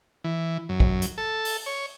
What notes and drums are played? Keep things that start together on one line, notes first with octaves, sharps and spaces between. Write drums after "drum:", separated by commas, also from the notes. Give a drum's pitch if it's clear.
E3
F#2
drum: kick A#1
drum: hi-hat
A4
drum: open hi-hat
C#5